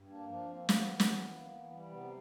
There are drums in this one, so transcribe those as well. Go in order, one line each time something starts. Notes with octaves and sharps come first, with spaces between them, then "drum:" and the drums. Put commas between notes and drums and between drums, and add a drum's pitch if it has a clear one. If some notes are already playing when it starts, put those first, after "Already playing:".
Already playing: G2
A#3 D4
F3 D4
A#3 C4
E3 B3, drum: snare
E3
drum: snare
E3
A#3
E3
G3
C3 B3